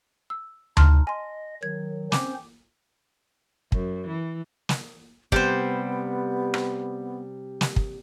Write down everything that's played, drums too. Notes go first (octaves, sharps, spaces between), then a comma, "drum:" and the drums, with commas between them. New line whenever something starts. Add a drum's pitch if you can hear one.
E6
D#4 A5 C6 F6, drum: tom D2
D#5 G#5 C6
D#3 F#3 G#6
C4 C#4 C5 D6, drum: snare
F#2, drum: kick
E3
drum: snare
C3 G3 B3 C5, drum: kick
drum: rim click
drum: snare
drum: kick